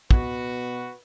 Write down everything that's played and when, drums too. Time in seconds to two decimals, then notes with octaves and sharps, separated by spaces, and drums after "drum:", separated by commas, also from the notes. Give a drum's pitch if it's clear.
0.11 B2 F#4 B4, drum: kick